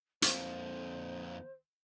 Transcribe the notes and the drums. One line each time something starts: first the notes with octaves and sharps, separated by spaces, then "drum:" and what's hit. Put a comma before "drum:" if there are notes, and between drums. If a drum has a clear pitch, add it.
F2 A#3 C5, drum: hi-hat